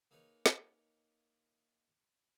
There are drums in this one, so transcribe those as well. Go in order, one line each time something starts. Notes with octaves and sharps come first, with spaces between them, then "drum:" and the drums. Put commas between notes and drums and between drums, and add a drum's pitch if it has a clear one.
A#3 D#4 G#4 B4 C#5
drum: snare